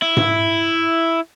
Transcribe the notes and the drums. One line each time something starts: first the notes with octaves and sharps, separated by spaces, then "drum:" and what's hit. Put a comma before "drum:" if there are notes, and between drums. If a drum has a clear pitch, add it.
E4
drum: tom G#2